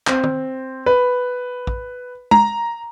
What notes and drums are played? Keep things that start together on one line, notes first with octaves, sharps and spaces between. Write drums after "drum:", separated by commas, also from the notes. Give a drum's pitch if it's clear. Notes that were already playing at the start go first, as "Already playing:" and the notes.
C4, drum: clap
drum: tom
B4
drum: kick
A#5, drum: tom